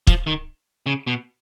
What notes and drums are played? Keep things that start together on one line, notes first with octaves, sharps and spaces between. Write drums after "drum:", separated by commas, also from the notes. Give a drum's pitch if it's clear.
F3, drum: kick
D#3
C#3
B2